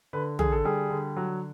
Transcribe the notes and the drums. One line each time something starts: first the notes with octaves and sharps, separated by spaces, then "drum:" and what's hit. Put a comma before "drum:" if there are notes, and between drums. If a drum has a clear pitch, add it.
D3 B4
D3 G#4, drum: tom
A4
G3 G#4
D3
F#3